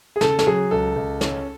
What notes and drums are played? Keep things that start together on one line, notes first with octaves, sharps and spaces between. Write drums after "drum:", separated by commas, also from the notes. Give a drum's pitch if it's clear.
G#4
C#3 A4, drum: snare
A4, drum: snare
F#3 G#4
C#2 A4
C#2
C#4, drum: snare